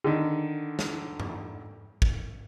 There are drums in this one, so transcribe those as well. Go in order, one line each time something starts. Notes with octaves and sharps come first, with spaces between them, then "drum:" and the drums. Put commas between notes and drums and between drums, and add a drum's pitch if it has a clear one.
D3 D#3
drum: snare
drum: tom G2
drum: kick